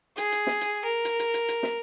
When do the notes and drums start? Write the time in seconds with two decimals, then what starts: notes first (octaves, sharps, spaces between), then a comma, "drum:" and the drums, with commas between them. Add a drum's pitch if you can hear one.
0.18 G#4, drum: hi-hat
0.32 drum: hi-hat
0.47 drum: snare
0.61 drum: hi-hat
0.85 A#4
1.05 drum: hi-hat
1.19 drum: hi-hat
1.34 drum: hi-hat
1.48 drum: hi-hat
1.63 drum: snare